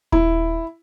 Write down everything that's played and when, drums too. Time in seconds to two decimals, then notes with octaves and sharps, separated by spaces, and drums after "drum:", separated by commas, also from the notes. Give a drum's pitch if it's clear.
0.12 E4, drum: kick D#1